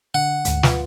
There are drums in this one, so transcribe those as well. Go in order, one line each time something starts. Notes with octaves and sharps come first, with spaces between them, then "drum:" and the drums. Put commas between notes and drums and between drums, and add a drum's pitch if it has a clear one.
D3 F#5
D2 G#2, drum: hi-hat
F3 F4 B4, drum: snare